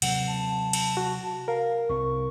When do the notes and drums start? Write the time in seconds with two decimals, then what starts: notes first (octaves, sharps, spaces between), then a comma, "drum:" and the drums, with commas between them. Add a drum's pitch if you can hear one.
0.02 C3 F#3 C4 F#5, drum: cymbal
0.28 A5
0.73 drum: cymbal
0.97 F#4
1.48 A#4 F5
1.89 C2 C3 C4 C#6